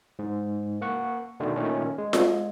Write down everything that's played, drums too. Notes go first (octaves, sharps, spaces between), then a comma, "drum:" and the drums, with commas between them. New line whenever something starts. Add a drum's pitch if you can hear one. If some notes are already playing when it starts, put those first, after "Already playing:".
G#2
A#3 F#5 C#6
B2 D3 D#3 A3
A#2 D#3 A3 C#4
G#3
drum: snare F4